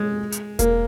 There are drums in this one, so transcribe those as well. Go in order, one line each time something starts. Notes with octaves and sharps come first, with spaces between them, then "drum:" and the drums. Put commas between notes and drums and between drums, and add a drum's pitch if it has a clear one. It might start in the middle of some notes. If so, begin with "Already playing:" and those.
Already playing: G#3
drum: hi-hat
A#3, drum: kick E1, hi-hat